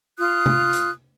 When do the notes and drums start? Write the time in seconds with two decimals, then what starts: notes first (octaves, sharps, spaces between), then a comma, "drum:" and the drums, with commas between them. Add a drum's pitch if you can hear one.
0.19 F4 D#6 F#6
0.46 drum: tom C3
0.73 drum: hi-hat